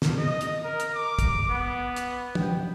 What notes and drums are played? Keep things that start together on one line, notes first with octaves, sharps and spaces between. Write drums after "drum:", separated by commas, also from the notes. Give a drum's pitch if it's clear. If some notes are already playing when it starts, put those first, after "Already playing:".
drum: snare
D#5
drum: hi-hat
A#4
drum: hi-hat
D6
drum: kick, hi-hat
B3
drum: hi-hat
G5, drum: tom